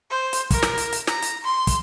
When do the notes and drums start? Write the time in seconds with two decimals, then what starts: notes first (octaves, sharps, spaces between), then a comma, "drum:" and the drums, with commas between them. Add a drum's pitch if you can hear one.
0.11 C5
0.33 drum: hi-hat
0.51 A#4, drum: kick, hi-hat
0.63 drum: snare
0.78 drum: hi-hat
0.92 drum: hi-hat
1.07 A#5, drum: snare
1.22 drum: hi-hat
1.44 C6
1.67 drum: kick, hi-hat